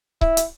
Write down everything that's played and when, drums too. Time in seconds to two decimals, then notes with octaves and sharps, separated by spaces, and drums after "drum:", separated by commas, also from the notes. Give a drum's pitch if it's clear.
0.21 E4, drum: kick C#1
0.37 drum: hi-hat